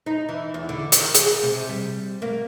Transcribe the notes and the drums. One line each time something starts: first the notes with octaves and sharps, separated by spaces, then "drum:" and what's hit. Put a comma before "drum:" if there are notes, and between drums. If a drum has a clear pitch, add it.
D#4
E3
E2
D3
D#3, drum: hi-hat
G#4, drum: hi-hat
C3
G3
A#3